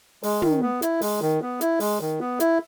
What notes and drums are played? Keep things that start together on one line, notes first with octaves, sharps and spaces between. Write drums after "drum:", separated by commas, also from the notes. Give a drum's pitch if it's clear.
G#3, drum: open hi-hat
D#3, drum: tom
B3
E4, drum: hi-hat
G#3, drum: open hi-hat
D#3
B3
E4, drum: hi-hat
G#3, drum: open hi-hat
D#3
B3
E4, drum: hi-hat